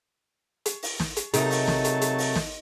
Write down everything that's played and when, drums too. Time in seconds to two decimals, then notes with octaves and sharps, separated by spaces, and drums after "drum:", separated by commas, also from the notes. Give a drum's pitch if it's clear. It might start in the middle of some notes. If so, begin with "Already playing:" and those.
0.66 drum: hi-hat
0.83 drum: open hi-hat
1.00 drum: snare
1.17 drum: hi-hat
1.33 C3 F#3 A3 D#4 G#4 A#4 A5, drum: hi-hat
1.50 drum: open hi-hat
1.67 drum: snare
1.84 drum: hi-hat
2.01 drum: hi-hat
2.18 drum: open hi-hat
2.35 drum: snare